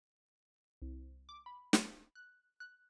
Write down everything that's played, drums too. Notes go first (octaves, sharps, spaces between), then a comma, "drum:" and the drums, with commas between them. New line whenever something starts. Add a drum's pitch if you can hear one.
C2
D6
B5
drum: snare
F#6
F#6